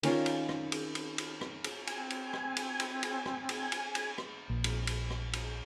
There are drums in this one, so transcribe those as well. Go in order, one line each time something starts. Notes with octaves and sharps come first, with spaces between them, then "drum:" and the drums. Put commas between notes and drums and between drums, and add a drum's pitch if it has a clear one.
D#3 C#4 F4 D5, drum: cymbal
drum: cymbal
drum: rim click
drum: cymbal
drum: cymbal
drum: cymbal
drum: rim click
drum: cymbal
C4 G#5, drum: cymbal
drum: cymbal
drum: rim click
drum: cymbal
drum: cymbal
drum: cymbal
drum: rim click
drum: cymbal
drum: cymbal
drum: cymbal
drum: rim click
A#1
drum: cymbal
drum: cymbal
drum: rim click
drum: cymbal